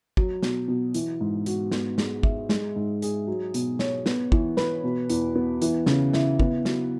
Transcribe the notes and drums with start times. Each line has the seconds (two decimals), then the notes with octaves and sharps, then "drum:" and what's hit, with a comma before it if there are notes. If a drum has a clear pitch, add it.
0.17 F#3, drum: kick
0.43 B2, drum: snare
0.68 B2
0.94 E3, drum: hi-hat
1.21 G#2
1.46 F#4, drum: hi-hat
1.72 B3, drum: snare
1.98 G#3, drum: snare
2.23 E5, drum: kick
2.49 G#3, drum: snare
2.76 G#2
3.02 G#4, drum: hi-hat
3.27 F#3
3.54 B2, drum: hi-hat
3.79 C#5, drum: snare
4.06 B3, drum: snare
4.32 E3, drum: kick
4.57 B4, drum: snare
4.84 B2
5.10 E2, drum: hi-hat
5.35 B3
5.62 E3, drum: hi-hat
5.86 C#3, drum: snare
6.13 E4, drum: snare
6.39 B3, drum: kick
6.65 F#3, drum: snare